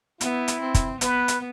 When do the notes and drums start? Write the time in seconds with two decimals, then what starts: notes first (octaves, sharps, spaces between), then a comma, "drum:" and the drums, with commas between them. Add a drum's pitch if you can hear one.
0.21 B3 E4, drum: hi-hat
0.48 drum: hi-hat
0.60 C4
0.74 drum: kick, hi-hat
1.01 B3 B4, drum: hi-hat
1.28 drum: hi-hat